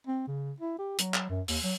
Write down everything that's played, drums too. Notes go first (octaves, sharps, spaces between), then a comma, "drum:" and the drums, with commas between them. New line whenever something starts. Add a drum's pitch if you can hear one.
C4
C#3
E4
G4
F#3, drum: hi-hat
drum: clap
F#2
D#2, drum: open hi-hat
F#3